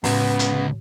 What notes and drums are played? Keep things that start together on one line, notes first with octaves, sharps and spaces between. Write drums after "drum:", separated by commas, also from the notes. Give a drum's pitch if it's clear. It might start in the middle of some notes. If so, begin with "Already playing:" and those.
C#2 A2 C#3 B3, drum: open hi-hat
drum: hi-hat